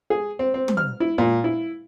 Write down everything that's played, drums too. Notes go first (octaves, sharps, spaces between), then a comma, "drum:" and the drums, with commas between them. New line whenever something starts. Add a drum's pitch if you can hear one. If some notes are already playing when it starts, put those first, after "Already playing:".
G#4
C4
C4
drum: tom
F6
E4
A#2
E4